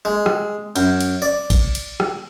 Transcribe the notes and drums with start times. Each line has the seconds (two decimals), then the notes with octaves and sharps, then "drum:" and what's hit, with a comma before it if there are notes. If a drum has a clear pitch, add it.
0.05 G#3
0.26 drum: rim click
0.76 F#2, drum: cymbal
1.00 drum: cymbal
1.22 D5
1.50 drum: kick A1, cymbal
1.75 drum: cymbal
2.00 drum: rim click